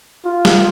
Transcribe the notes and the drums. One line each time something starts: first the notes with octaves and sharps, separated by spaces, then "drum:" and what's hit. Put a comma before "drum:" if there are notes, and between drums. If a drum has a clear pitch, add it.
F4
drum: snare